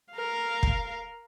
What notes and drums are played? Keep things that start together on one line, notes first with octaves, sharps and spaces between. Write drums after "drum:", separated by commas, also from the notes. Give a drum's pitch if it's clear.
A#4 F5
drum: kick